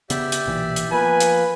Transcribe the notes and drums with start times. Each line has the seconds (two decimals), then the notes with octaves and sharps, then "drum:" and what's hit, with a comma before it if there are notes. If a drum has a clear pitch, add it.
0.10 C#3 B3 G4 D5 E5, drum: hi-hat
0.32 drum: hi-hat
0.46 B1 A#2 E3
0.76 drum: hi-hat
0.91 F3 A#3 B3 B4 G#5
1.20 drum: hi-hat